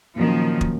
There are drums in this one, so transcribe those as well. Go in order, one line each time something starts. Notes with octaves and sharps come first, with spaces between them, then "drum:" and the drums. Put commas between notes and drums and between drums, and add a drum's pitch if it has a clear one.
A#2 D#3 F3 F#3 A#3 C#4
drum: kick